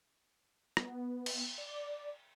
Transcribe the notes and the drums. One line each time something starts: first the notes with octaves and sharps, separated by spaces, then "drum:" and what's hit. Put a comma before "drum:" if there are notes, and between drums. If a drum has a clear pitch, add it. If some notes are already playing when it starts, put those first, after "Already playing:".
B3, drum: rim click
drum: cymbal
D5